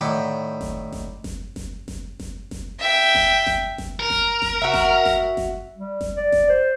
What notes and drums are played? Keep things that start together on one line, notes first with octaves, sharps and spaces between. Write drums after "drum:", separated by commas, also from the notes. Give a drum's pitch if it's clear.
A2 D#3 E4 D5 F#5 G5
drum: snare F#1
drum: snare F#1
drum: snare F#1
drum: snare F#1
drum: snare F#1
drum: snare F#1
drum: snare F#1
E5 G5
drum: snare F#1
drum: snare F#1
drum: snare F#1
A#4
drum: snare F#1
drum: snare F#1
F#4 E5
drum: snare F#1
drum: snare F#1
drum: snare F#1
G3
drum: snare F#1
D5
drum: snare F#1
C5